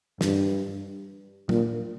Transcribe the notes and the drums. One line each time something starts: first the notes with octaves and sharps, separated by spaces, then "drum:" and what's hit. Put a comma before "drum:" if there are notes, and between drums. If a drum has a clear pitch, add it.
G2, drum: snare
A#2, drum: tom